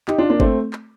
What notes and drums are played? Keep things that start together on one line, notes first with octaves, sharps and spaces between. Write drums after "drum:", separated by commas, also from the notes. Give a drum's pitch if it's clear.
D#4 G4, drum: clap
D4 F4
A#3 D4
A3 C4, drum: kick G1
drum: clap